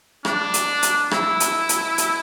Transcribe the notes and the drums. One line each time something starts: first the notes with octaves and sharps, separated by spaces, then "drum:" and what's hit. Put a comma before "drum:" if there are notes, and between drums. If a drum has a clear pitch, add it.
D4, drum: rim click
drum: hi-hat
drum: hi-hat
E4, drum: rim click
drum: hi-hat
drum: hi-hat
drum: hi-hat